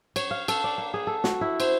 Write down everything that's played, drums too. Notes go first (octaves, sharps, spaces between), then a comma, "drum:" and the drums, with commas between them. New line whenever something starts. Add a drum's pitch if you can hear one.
C#5, drum: cymbal
F5
A4, drum: cymbal
D5
A#3
G#4
A4
F#4, drum: snare
E4
C5, drum: cymbal